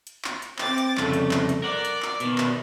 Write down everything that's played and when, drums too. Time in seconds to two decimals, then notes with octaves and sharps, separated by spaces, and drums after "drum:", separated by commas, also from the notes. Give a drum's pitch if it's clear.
0.07 drum: hi-hat
0.24 drum: clap
0.42 drum: hi-hat
0.59 C4 D6 A6, drum: clap
0.78 drum: hi-hat
0.97 C2 F2 C#3 A3, drum: clap
1.13 drum: hi-hat
1.31 drum: clap
1.49 drum: hi-hat
1.62 A#4 D5 F#5
1.85 drum: hi-hat
2.02 drum: clap
2.20 B2 D#3, drum: hi-hat
2.38 drum: clap